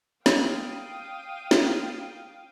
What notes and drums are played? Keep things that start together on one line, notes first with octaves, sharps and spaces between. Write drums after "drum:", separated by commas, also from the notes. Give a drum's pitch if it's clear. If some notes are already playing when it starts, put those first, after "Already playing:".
F5 G5 D#6, drum: snare
drum: snare